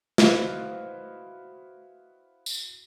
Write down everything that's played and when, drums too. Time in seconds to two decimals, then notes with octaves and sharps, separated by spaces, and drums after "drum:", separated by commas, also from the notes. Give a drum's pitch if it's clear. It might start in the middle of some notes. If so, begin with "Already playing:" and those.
0.18 E4 F#4 B4 C5 D#5 F5, drum: snare
2.46 drum: tambourine